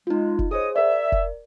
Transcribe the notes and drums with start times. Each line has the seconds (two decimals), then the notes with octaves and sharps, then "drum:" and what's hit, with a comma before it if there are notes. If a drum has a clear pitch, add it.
0.07 G#3 D#4 F4
0.39 drum: kick F1
0.51 G#4 C5 C#5 D#5 D#6
0.76 A#4 D5 E5
1.12 drum: kick F1